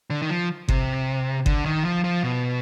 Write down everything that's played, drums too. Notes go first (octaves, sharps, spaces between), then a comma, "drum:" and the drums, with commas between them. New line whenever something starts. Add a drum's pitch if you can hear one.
D3
D#3
F3
C3, drum: kick G1
D3, drum: kick G1
D#3
F3
F3
B2